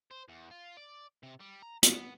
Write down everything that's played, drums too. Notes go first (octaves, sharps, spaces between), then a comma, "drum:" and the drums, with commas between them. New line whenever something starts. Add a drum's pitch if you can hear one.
C5
E2
F4
D5
C3
G3
A#5
B3, drum: hi-hat